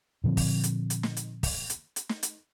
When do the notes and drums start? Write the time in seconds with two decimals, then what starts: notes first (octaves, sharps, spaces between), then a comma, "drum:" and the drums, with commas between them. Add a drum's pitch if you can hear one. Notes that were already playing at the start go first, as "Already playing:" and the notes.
0.24 A#2 D3 F3 C4
0.37 drum: kick, open hi-hat
0.64 drum: hi-hat
0.90 drum: hi-hat
1.03 drum: snare
1.17 drum: hi-hat
1.43 drum: kick, open hi-hat
1.70 drum: hi-hat
1.96 drum: hi-hat
2.09 drum: snare
2.23 drum: hi-hat